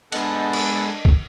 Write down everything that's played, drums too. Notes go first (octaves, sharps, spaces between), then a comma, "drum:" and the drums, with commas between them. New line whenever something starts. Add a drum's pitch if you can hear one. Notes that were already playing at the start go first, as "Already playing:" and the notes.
G#3 B3 D4 A4 D#5 F#5 A5, drum: cymbal
drum: cymbal
drum: kick